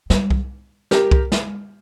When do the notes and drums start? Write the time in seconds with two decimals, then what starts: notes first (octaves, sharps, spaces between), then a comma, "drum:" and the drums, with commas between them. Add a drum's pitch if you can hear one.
0.10 G3, drum: snare
0.30 drum: kick C2
0.91 G4 A#4, drum: snare
1.11 drum: kick C2
1.32 drum: snare